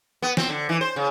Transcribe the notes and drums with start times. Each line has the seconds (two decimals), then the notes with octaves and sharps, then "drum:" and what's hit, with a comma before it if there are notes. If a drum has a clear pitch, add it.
0.22 B3
0.37 C4, drum: snare
0.49 D3
0.69 E3
0.81 C5
0.96 C#3